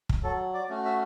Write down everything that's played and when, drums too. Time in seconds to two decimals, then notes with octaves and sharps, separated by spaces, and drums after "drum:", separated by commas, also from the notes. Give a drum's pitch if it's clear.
0.09 drum: kick
0.23 F#3 A4
0.54 D5
0.69 A3 C#4 F#4
0.85 E5